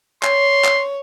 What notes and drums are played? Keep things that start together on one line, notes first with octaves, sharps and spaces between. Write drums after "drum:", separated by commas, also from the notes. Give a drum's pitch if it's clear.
C#5 C6, drum: clap
drum: clap